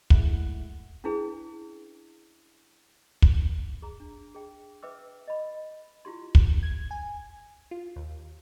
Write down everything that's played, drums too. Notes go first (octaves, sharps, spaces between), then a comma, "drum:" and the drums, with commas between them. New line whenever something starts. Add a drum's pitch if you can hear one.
G#3 A3 E4 F#5, drum: kick
C#4 D4 E4 G#4 B4
drum: kick
G#4 A#5
D4
G#4 G5
B4 E5 G5 D6 E6
D#5 B5
E4 F4 G4 C6
drum: kick
G#6
G#5
F4
D#2